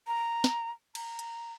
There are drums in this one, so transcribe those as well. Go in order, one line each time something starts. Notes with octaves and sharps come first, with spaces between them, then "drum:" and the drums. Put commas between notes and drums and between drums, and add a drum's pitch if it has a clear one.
A#5
drum: snare
A#5, drum: cymbal
drum: hi-hat